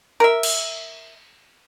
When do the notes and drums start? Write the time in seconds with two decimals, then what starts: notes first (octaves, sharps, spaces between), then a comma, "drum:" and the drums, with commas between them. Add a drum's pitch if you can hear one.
0.20 A#4 E5
0.43 drum: cymbal